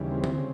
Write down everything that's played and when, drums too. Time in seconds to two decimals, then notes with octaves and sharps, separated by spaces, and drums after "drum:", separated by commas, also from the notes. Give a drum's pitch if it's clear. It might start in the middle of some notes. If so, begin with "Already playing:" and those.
Already playing: D#2 C#3 E3 G3
0.12 C4
0.24 drum: tom D3
0.38 C#3